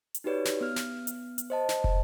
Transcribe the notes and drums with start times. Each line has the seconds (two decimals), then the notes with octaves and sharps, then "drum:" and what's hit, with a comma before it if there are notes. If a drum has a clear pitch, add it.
0.14 drum: hi-hat
0.24 D#4 F#4 G4 B4 C#5 D5
0.45 drum: snare
0.61 B3 F6
0.76 drum: snare
1.07 drum: hi-hat
1.38 drum: hi-hat
1.50 C5 D#5 A5
1.69 drum: snare
1.84 drum: kick